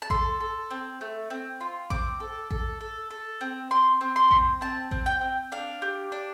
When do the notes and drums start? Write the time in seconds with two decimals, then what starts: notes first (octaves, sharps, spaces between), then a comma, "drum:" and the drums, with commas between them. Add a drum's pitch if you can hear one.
0.02 A5
0.10 A4 C6, drum: kick A1
0.40 A4
0.71 C4
1.01 A3
1.30 C4
1.61 F4
1.90 C4 D6, drum: kick A1
2.20 A4
2.51 A4, drum: kick A1
2.81 A4
3.11 A4
3.41 C4
3.71 C4 C6
4.01 C4
4.16 C6
4.31 C4, drum: kick A1
4.61 C4 A5
4.91 C4, drum: kick A1
5.06 G5
5.21 C4
5.52 D4 F5
5.82 G4
6.12 D4